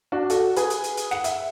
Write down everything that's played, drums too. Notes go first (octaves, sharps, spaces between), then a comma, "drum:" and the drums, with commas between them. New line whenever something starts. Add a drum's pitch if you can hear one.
D4 F#4
F#4 A4, drum: hi-hat
G#4 B4, drum: hi-hat
drum: hi-hat
drum: hi-hat
drum: hi-hat
F#5, drum: snare
E5, drum: hi-hat